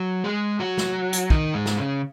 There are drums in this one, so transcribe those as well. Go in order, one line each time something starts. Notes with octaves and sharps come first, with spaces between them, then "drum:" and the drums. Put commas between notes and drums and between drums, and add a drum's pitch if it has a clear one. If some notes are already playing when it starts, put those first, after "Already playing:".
Already playing: F#3
G#3 G#4
F#3 F#4
drum: snare
drum: hi-hat
D#3 D#4, drum: kick
G#2 G#3
drum: snare
C#3 C#4